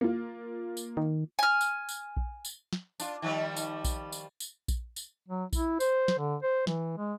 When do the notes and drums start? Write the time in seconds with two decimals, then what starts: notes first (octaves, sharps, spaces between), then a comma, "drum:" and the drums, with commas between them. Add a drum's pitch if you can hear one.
0.01 A#3 F4
0.77 drum: tambourine
0.97 D#3
1.39 G#5 F6
1.61 drum: tambourine
1.89 drum: tambourine
2.17 drum: kick A#1
2.45 drum: tambourine
2.73 drum: snare
3.00 D4 F4, drum: tambourine
3.22 D#3 F3 G3
3.57 drum: tambourine
3.84 drum: kick A#1, tambourine
4.12 drum: tambourine
4.40 drum: tambourine
4.68 drum: kick A#1, tambourine
4.96 drum: tambourine
5.28 F#3
5.53 E4, drum: kick A#1, tambourine
5.80 C5, drum: tambourine
6.08 drum: snare
6.18 D3
6.43 C5
6.67 E3, drum: snare
6.98 G#3